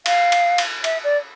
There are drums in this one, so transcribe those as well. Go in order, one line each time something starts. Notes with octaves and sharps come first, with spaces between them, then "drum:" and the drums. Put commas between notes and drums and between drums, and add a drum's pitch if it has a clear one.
F5, drum: cymbal
drum: cymbal
drum: cymbal
E5, drum: cymbal
D5